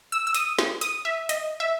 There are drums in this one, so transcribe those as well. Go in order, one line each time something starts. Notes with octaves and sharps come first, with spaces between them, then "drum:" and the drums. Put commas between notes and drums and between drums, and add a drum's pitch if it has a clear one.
E6
E6
D#6, drum: hi-hat
drum: snare
D#6, drum: hi-hat
E5
D#5, drum: hi-hat
E5